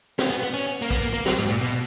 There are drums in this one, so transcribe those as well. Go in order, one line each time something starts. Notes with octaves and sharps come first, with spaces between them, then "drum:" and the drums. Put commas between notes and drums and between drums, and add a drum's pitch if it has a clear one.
C#4, drum: snare
B3
B3
C#4, drum: tambourine
A#3
B3, drum: kick, tambourine
A#3
A#3
F#3, drum: snare
G#2
A#2
B2, drum: tambourine